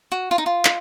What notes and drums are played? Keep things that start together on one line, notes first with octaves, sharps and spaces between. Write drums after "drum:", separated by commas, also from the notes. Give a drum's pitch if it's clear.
F#4
F4
D#4
F4
drum: clap